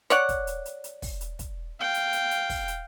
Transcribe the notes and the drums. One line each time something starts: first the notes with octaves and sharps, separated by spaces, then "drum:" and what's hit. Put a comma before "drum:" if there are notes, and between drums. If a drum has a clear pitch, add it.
C#5 D5 F#5, drum: hi-hat
drum: kick, hi-hat
drum: hi-hat
drum: hi-hat
drum: hi-hat
drum: kick, open hi-hat
drum: hi-hat
drum: kick, hi-hat
F5 G5
drum: hi-hat
drum: hi-hat
drum: hi-hat
drum: kick, open hi-hat
drum: hi-hat